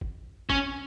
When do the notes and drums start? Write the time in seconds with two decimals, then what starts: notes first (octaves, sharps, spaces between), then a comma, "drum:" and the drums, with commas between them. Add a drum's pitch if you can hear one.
0.01 drum: kick
0.50 C#4, drum: kick